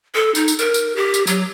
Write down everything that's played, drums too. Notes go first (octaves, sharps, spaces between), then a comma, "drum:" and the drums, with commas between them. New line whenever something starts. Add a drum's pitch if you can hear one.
A4
D#4, drum: tambourine
drum: tambourine
A#4, drum: tambourine
drum: tambourine
G4
drum: tambourine
F#3, drum: tambourine